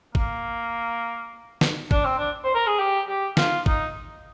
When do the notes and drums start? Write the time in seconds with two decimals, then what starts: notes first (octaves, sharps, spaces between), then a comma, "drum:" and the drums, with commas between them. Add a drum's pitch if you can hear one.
0.15 A#3, drum: kick
1.61 drum: snare
1.91 D4, drum: kick
2.05 C4
2.18 D4
2.44 C5
2.55 A#4
2.67 G#4
2.79 G4
3.08 G4
3.37 F4, drum: snare
3.66 D#4, drum: kick